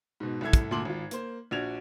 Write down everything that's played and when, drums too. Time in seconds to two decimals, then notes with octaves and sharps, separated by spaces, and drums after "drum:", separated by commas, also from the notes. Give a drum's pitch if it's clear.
0.20 G#2 B2
0.41 C2 A2 E4 A4 G#6
0.53 drum: kick, hi-hat
0.71 D2 A#2 A5 C6 D6 F#7
0.85 G#1 F4
1.11 A#3 C5, drum: hi-hat
1.51 A#1 D4 F#4 G#6 F7